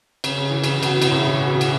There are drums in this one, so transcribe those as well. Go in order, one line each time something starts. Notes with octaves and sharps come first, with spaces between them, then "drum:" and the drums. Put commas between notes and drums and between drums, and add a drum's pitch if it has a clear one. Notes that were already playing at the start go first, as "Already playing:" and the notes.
C#3, drum: cymbal
C#3
E3
C#3, drum: cymbal
C#3
B2, drum: cymbal
E3
C#3, drum: cymbal
A2
C#3
E3
B2
C#3
E3, drum: cymbal